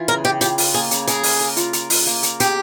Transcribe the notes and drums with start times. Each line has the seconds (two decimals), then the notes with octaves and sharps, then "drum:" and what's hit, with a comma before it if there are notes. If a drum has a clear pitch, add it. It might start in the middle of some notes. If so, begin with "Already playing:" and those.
Already playing: E3 F4
0.08 C#3 A#4
0.24 C#3 G4
0.41 F4 G4, drum: hi-hat
0.58 F4, drum: open hi-hat
0.74 A#3 G#4
0.91 C#3, drum: hi-hat
1.07 G#4 A#4, drum: hi-hat
1.23 A#3, drum: open hi-hat
1.41 A#4
1.57 F4, drum: hi-hat
1.73 A#4, drum: hi-hat
1.90 F4, drum: open hi-hat
2.07 A#3
2.23 A#4, drum: hi-hat
2.40 G4 G#4, drum: hi-hat